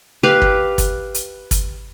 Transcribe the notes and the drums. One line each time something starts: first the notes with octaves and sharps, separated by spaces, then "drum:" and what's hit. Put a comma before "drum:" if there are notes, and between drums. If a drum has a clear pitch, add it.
G4 B4 F5
drum: kick
drum: kick, hi-hat
drum: hi-hat
drum: kick, hi-hat